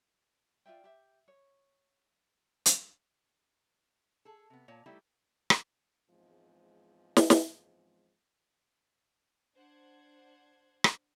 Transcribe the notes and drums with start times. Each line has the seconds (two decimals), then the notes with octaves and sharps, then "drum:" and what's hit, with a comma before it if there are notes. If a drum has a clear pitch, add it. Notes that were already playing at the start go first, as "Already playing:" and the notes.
0.66 F4 D5 E5 G5
0.84 G4 E5
1.28 C#5
2.66 drum: hi-hat
4.25 G#4 A4
4.50 C3 B3
4.68 A#2 C#5 A5
4.86 G3 A3 D#4 E4 G4
5.50 drum: rim click
6.09 E2 G#2 F3 G#3 C4
7.17 drum: snare
7.30 drum: snare
9.56 D4 C5 F#5 G#6
10.84 drum: rim click